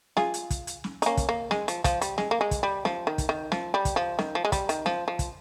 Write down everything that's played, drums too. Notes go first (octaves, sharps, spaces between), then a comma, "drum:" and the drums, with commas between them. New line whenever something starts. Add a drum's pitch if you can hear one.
F4 G#4, drum: snare
drum: hi-hat
drum: kick, hi-hat
drum: hi-hat
drum: snare
D#4, drum: hi-hat
A#3 C#4
drum: kick, hi-hat
A#3
G#3, drum: snare
F3, drum: hi-hat
F3, drum: kick, hi-hat
G3, drum: hi-hat
G#3, drum: snare
A#3
G#3
drum: kick, hi-hat
G3
F3, drum: snare
D#3
drum: kick, hi-hat
D#3
F3, drum: snare
G3
drum: kick, hi-hat
F3
D#3, drum: snare
F3
G#3
G3, drum: kick, hi-hat
D#3, drum: hi-hat
F3, drum: snare
F3
drum: kick, hi-hat